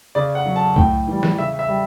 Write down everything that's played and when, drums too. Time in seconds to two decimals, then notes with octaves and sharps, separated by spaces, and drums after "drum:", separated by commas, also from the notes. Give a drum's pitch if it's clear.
0.15 C#3 D5
0.35 F#5
0.46 F#3
0.56 A5
0.76 A2 G5, drum: kick C2
1.07 E3 G3
1.23 drum: snare
1.38 C#3 E5
1.59 E5
1.69 G3